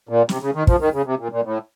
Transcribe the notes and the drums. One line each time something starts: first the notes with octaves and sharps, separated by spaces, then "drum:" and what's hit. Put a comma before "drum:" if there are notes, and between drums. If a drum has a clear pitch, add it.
A#2
C3, drum: snare
C#3
D#3
F3, drum: kick
D#3
C#3
C3
A#2
A#2
A2